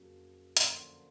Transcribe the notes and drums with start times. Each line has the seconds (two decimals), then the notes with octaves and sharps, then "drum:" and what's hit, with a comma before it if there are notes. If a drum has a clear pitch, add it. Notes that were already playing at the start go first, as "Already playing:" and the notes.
Already playing: F2 C#3 F#3 A#3
0.57 F#2 D3 F3 A#3 C6, drum: hi-hat